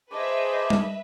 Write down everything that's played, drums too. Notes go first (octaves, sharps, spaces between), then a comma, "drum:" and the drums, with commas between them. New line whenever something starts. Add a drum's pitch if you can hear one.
G#4 B4 C5 D#5 E5 A5 D6
drum: tom G3